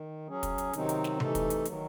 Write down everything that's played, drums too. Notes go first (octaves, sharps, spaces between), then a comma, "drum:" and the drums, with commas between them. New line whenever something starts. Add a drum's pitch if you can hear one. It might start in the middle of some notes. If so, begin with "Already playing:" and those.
Already playing: D#3
F#3 C#4 G#4
drum: kick, hi-hat
drum: hi-hat
C3 D#3 F#3 C4 D#4, drum: hi-hat
drum: hi-hat
drum: snare
C3 E3 A3 D#4 A4, drum: tom C3
drum: kick, hi-hat
drum: hi-hat
D#3 F#3, drum: hi-hat